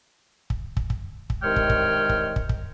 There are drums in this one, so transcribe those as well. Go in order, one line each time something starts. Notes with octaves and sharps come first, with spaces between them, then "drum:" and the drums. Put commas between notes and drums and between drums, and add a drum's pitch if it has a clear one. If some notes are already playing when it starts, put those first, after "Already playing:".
drum: kick
drum: kick
drum: kick
drum: kick
C2 D#3 G#3 C#5 G5 F6
drum: kick
drum: kick
drum: kick
drum: kick
drum: kick